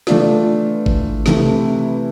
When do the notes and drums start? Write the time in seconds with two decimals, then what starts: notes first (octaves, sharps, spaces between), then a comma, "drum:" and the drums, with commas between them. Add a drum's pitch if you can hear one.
0.07 E3 A3 D4 F4, drum: snare
0.86 drum: kick G#1
1.26 C3 E3 A3 E4, drum: snare